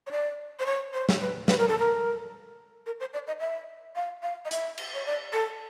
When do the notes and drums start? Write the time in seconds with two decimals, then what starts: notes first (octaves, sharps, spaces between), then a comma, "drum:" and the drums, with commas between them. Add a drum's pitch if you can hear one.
0.07 C#5
0.11 D5
0.59 C5
0.66 C#5
0.93 C5
1.09 drum: snare
1.21 B4
1.48 B4, drum: snare
1.58 A#4
1.68 A4
1.79 A#4
2.86 A#4
3.00 C5
3.13 D5
3.27 D#5
3.40 E5
3.96 F5
4.23 F5
4.45 D#5
4.51 E5, drum: hi-hat
4.78 drum: cymbal
4.94 C#5
5.06 D5
5.33 A4